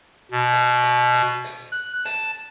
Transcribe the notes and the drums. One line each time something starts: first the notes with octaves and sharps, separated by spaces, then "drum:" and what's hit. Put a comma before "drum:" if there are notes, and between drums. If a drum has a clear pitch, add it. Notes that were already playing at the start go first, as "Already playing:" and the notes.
B2
drum: hi-hat
drum: hi-hat
drum: hi-hat
drum: hi-hat
F#6
A5, drum: hi-hat